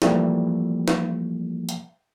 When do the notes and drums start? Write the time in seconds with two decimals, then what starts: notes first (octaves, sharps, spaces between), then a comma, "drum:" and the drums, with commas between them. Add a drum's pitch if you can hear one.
0.02 E3 F3 G3 A3 A#3, drum: snare
0.88 drum: snare
1.69 drum: hi-hat